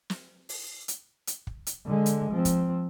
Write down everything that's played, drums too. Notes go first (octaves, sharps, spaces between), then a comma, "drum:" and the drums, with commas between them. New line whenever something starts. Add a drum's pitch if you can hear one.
drum: snare
drum: open hi-hat
drum: hi-hat
drum: hi-hat
drum: kick
drum: hi-hat
D3 G#3
drum: hi-hat
F3 C4
drum: kick, hi-hat